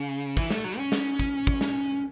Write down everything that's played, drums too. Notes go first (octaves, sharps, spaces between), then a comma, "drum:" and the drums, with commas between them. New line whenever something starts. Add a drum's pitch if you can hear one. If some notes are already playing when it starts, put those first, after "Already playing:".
Already playing: C#3
E3, drum: kick
A3, drum: snare
F#3
C#4
drum: snare
drum: kick
drum: kick
drum: snare